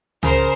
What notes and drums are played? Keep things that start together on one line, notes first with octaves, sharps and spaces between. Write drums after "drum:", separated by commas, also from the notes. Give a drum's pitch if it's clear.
C#3 A#4 C5, drum: tom